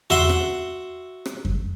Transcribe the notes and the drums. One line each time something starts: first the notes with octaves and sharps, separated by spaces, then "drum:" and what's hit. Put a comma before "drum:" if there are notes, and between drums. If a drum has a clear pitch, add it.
F#4 E5 C6, drum: tom E2
drum: rim click
drum: rim click
drum: kick F2